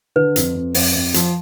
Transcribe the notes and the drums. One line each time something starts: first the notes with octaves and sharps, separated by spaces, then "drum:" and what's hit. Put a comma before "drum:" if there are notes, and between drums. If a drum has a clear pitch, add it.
D3 B4
F2, drum: hi-hat
F2
F2, drum: open hi-hat
F2
F3, drum: hi-hat